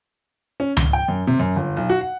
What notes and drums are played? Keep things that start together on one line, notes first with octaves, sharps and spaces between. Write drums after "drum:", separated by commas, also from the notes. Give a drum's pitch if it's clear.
C#4
G7, drum: tom C#2
G5
F#2
C3
F#2
G1
B1
F#4
F#5